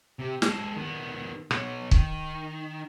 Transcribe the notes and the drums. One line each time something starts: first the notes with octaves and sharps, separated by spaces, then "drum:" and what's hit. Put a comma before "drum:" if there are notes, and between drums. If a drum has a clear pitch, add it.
C3 G4
G#3 A4, drum: snare
D#3 B3
B2 C#5, drum: rim click
D#3, drum: kick